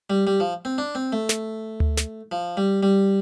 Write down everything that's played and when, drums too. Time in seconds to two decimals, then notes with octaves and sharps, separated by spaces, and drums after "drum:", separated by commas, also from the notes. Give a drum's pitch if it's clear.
0.10 G3
0.27 G3
0.40 F3
0.65 C4
0.78 D4
0.95 C4
1.12 A3
1.29 drum: snare
1.80 drum: tom D2
1.97 drum: snare
2.32 F3
2.57 G3
2.83 G3